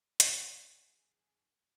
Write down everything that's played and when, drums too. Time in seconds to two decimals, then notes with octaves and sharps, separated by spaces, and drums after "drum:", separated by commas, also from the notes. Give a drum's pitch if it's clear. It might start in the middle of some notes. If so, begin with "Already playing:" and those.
0.20 D#2 G#4, drum: hi-hat